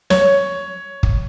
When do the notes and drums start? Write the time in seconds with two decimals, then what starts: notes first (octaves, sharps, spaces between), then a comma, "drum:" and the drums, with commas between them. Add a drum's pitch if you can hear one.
0.10 C#5, drum: snare
1.03 drum: kick